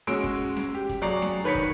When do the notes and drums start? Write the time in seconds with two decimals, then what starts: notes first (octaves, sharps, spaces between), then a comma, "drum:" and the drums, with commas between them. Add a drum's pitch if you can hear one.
0.07 G#3 C#4 F#4 C6 E6 D7
0.24 drum: kick, hi-hat
0.57 drum: snare C#4
0.75 G4
0.89 drum: kick, hi-hat
1.02 F#3 G#4 D5 A#5 C#6 C7
1.22 drum: snare C#4
1.44 D#3 B4 C#5 B6 C#7
1.55 drum: kick, hi-hat